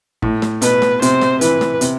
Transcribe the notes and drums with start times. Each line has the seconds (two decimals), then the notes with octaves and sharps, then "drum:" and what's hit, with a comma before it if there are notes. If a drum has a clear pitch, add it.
0.22 A2, drum: kick
0.42 drum: snare
0.62 B2 B4, drum: hi-hat
0.82 drum: snare
1.02 C3 C5, drum: hi-hat
1.22 drum: snare
1.41 E3 B4, drum: hi-hat
1.61 drum: snare
1.81 C3, drum: hi-hat